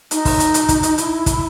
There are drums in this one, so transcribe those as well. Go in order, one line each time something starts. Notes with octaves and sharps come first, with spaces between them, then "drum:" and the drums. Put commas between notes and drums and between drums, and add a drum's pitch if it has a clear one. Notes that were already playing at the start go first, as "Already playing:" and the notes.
D#4, drum: hi-hat
drum: kick, open hi-hat
drum: hi-hat
drum: hi-hat
drum: kick, hi-hat
drum: hi-hat
E4, drum: hi-hat
drum: kick, hi-hat